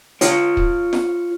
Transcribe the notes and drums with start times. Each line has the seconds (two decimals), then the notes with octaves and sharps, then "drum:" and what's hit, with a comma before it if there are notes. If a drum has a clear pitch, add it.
0.21 F4 C#5, drum: hi-hat
0.57 drum: kick
0.93 drum: snare F4